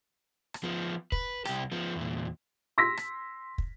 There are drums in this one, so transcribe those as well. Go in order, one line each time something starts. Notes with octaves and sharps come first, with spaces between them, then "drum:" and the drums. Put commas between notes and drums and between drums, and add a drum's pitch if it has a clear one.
drum: rim click
F3 B3
B4, drum: kick
C2 G4, drum: rim click
F3 B3
E2 A#2
C6 E6 A#6 B6
drum: rim click
drum: kick